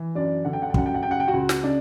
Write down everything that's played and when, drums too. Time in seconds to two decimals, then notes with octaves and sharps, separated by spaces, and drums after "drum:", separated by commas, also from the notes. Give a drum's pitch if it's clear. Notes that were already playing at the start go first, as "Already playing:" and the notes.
Already playing: E3
0.15 F#2 D4 D5
0.45 D3 F#5
0.53 G5
0.62 F#5
0.70 G5
0.74 F#2 F#5, drum: kick
0.86 G5
0.94 F#5
1.03 C#3 G5
1.11 F#5
1.20 G5
1.28 F#4 F#5
1.34 C#2
1.49 drum: snare
1.63 C#3 D4 D5